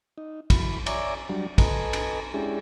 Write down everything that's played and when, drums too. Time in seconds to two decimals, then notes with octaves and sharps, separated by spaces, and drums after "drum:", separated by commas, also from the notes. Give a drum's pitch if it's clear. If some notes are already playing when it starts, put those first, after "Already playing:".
0.18 D#4
0.50 F#2 E3 B5, drum: kick, cymbal
0.86 C#5 D5 E5 G#5 A#5 D6, drum: cymbal
1.29 F#3 G3 D4
1.58 A4 B4 D#5 G#5 A#5, drum: kick, cymbal
1.93 drum: cymbal
2.34 G#3 C#4 D4 E4 G4 G#4